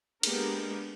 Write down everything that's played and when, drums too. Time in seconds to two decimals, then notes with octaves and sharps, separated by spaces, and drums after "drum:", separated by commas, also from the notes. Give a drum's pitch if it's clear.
0.23 G#3 A#3 B3 D4 G4 A#4, drum: cymbal